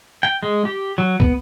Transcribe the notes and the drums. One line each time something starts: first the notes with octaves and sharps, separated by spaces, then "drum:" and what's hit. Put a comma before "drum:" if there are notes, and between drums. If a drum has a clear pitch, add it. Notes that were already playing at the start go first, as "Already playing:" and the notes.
G5
G#3
G4
F#3
B3, drum: kick